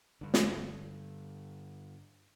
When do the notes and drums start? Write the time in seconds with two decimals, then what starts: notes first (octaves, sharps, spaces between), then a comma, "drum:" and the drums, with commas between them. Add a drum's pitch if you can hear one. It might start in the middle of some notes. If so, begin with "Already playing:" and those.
0.21 G2 D3
0.34 drum: snare